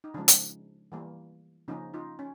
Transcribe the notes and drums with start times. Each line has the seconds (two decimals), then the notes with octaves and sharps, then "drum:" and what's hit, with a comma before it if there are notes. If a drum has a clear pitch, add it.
0.04 D#4
0.14 C#3 F3 G#3 D4
0.28 drum: hi-hat
0.92 E3 G3 A#3
1.68 C#3 F3 A#3 C#4 D#4
1.94 D#4 F4
2.19 C#4